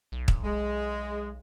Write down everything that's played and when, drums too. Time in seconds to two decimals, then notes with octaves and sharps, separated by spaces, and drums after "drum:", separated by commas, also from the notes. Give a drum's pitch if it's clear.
0.12 B1
0.28 drum: kick
0.44 G#3